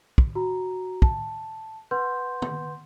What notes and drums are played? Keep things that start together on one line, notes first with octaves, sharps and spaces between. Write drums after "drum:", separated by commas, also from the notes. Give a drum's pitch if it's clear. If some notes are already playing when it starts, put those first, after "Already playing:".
drum: kick
F#4 A#5
A5, drum: kick
B4 F#5 C6 G6
drum: tom